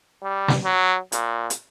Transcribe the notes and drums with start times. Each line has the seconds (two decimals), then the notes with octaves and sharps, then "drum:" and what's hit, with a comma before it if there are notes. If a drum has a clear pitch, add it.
0.23 G3
0.48 drum: snare
0.65 F#3
1.12 A#2, drum: hi-hat
1.50 drum: hi-hat